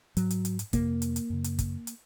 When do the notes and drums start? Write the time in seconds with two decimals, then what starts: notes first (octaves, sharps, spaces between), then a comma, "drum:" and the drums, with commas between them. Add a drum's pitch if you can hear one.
0.17 G#2 F#3, drum: hi-hat
0.31 drum: hi-hat
0.45 drum: hi-hat
0.59 drum: hi-hat
0.73 F2 C3 A#3, drum: kick, hi-hat
1.02 drum: hi-hat
1.16 drum: hi-hat
1.30 F#2 C#3
1.44 drum: hi-hat
1.59 drum: kick, hi-hat
1.87 drum: hi-hat